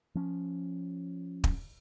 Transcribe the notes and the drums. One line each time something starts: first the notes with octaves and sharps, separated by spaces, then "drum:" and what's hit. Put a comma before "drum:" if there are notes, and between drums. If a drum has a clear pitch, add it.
F3 C#4
drum: kick